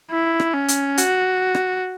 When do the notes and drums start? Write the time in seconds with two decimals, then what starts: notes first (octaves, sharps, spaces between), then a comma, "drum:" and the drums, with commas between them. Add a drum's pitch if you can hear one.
0.11 E4
0.40 drum: rim click
0.54 C#4
0.68 drum: hi-hat
0.98 F#4, drum: hi-hat
1.55 drum: rim click